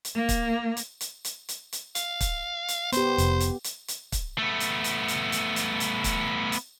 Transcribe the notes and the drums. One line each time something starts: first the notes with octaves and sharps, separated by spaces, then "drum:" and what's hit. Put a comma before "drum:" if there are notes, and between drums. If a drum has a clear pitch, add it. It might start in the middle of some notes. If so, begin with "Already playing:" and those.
drum: hi-hat
A#3
drum: kick, hi-hat
drum: hi-hat
drum: hi-hat
drum: hi-hat
drum: hi-hat
drum: hi-hat
F5, drum: hi-hat
drum: kick, hi-hat
drum: hi-hat
B3 G4 C5, drum: hi-hat
F1, drum: hi-hat
drum: hi-hat
drum: hi-hat
drum: hi-hat
drum: kick, hi-hat
A3 B3
drum: hi-hat
drum: hi-hat
drum: hi-hat
drum: hi-hat
drum: hi-hat
drum: hi-hat
drum: kick, hi-hat
drum: hi-hat